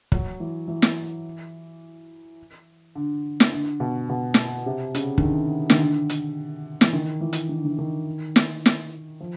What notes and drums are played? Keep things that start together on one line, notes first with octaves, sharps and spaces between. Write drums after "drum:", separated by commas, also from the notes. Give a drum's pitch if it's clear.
F#3, drum: kick
E3
E3
drum: snare
D3
drum: snare
D3
B2
B2
drum: snare
C3
C#3, drum: hi-hat
D#3, drum: kick
D3
D#3, drum: snare
D3
drum: hi-hat
E3, drum: snare
D#3
E3
drum: hi-hat
D#3
D3
D#3
D#3
drum: snare
drum: snare
F3